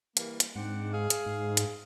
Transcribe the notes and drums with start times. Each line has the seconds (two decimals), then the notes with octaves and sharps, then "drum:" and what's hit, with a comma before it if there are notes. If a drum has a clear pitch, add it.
0.17 E3 G3 A#3, drum: hi-hat
0.40 drum: hi-hat
0.55 G#2 C4 D4 F#5
0.93 G#4 F5
1.10 drum: hi-hat
1.26 G#2
1.57 drum: hi-hat